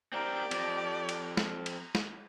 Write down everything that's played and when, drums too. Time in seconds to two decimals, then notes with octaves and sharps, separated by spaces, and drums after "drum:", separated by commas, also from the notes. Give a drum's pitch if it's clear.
0.12 C4 G4 A#4 D5
0.51 F2, drum: cymbal
1.09 drum: cymbal
1.37 drum: snare
1.66 drum: cymbal
1.95 drum: snare